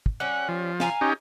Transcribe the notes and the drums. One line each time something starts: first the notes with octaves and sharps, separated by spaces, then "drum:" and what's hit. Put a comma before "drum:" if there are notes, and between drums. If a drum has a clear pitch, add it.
drum: kick
G3 C#4 F#5
F3
F5 G#5 A#5, drum: snare
C#4 D#4 G4